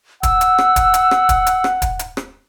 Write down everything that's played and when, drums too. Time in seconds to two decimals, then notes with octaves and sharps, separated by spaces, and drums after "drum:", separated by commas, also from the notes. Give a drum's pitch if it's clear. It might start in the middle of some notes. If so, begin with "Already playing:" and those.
0.23 F#5 E6, drum: kick, hi-hat
0.41 drum: hi-hat
0.58 drum: rim click
0.76 drum: kick, hi-hat
0.94 drum: hi-hat
1.11 drum: rim click
1.29 drum: kick, hi-hat
1.47 drum: hi-hat
1.64 drum: rim click
1.82 drum: kick, hi-hat
1.99 drum: hi-hat
2.17 drum: rim click